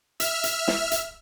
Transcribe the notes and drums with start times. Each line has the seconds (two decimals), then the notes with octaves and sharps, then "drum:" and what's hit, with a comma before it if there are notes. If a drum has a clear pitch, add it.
0.20 E5 F6, drum: hi-hat
0.44 drum: hi-hat
0.68 drum: snare
0.92 drum: hi-hat